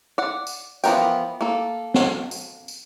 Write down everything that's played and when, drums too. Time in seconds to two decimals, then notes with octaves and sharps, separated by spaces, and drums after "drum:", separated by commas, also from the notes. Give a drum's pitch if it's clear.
0.18 D5 F#5
0.47 drum: tambourine
0.84 E3 F3 B3 A#4 G5, drum: tambourine
1.41 A#3 A4
1.94 drum: snare
2.31 drum: tambourine
2.68 drum: tambourine